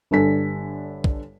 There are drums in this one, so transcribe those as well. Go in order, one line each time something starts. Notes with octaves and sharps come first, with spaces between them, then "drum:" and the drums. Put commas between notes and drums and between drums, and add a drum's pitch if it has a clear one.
G1 G2 D3 A4 G#5 B6
drum: kick